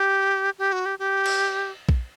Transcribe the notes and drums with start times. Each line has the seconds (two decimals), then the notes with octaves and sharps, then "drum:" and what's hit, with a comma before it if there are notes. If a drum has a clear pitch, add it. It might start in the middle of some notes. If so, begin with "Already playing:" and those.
Already playing: G4
0.58 G4
0.72 F#4
0.86 G4
0.99 G4
1.26 drum: cymbal
1.89 drum: kick A#1